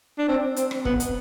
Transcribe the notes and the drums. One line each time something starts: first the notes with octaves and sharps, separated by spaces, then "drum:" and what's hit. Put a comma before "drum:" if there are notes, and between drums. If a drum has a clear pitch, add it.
D4
C4
C4, drum: hi-hat
drum: rim click
B3, drum: kick
drum: hi-hat